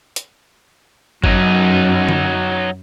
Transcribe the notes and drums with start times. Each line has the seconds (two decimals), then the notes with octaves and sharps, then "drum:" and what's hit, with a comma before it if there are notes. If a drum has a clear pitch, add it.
0.16 drum: hi-hat
1.24 F#2 F#3 D#4, drum: kick
2.09 drum: tom D3